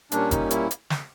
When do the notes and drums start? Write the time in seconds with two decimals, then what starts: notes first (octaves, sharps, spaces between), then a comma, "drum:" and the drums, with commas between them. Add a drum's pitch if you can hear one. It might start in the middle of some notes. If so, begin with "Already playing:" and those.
0.12 A#2 G3 A#3 C#4 D4, drum: hi-hat
0.31 D#4, drum: kick F#1, hi-hat
0.51 E4, drum: hi-hat
0.71 drum: hi-hat
0.90 drum: snare